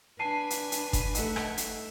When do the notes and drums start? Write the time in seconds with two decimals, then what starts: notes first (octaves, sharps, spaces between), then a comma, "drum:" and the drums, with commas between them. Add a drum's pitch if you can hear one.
0.20 D4 B4 G#5 A5 C7 D#7
0.50 drum: hi-hat
0.72 drum: hi-hat
0.93 drum: kick F#1, hi-hat
1.15 A3 D#4 E5 F#5, drum: hi-hat
1.36 drum: rim click
1.57 drum: hi-hat